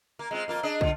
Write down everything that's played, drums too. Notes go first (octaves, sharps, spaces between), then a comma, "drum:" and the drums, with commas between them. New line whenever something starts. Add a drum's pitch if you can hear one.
A#3
G#3 C4 F4
F2 A#3 F4
D4 G#4 D#5
D3 F4, drum: kick